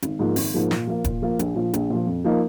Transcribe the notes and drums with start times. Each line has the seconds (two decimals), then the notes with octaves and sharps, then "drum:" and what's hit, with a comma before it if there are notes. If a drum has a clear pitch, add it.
0.02 G#1, drum: hi-hat
0.19 G#2 F3 A#3
0.36 G#1, drum: open hi-hat
0.54 G#2 F3 A#3
0.71 A#2, drum: snare
0.87 F3 A#3 F4
1.04 A#2, drum: kick D#1, hi-hat
1.22 F3 A#3 F4
1.39 A#1, drum: hi-hat
1.55 A#2 F3
1.74 A#1, drum: hi-hat
1.90 A#2 F3
2.07 F2
2.24 F3 A#3 D#4